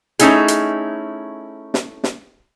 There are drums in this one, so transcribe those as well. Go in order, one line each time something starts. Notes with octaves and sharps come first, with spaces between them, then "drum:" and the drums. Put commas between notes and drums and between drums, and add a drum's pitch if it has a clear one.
A3 C#4 D#4 E4 G#4, drum: hi-hat
drum: hi-hat
drum: snare
drum: snare